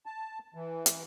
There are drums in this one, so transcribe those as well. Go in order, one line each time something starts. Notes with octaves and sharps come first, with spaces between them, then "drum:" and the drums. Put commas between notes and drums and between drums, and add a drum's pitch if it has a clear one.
A5
E3
drum: hi-hat